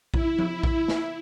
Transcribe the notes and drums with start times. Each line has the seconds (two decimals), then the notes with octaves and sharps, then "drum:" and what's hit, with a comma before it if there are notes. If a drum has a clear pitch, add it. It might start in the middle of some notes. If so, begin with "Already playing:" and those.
0.14 E4, drum: kick A#1
0.39 drum: tom F3
0.63 drum: kick A#1
0.88 drum: snare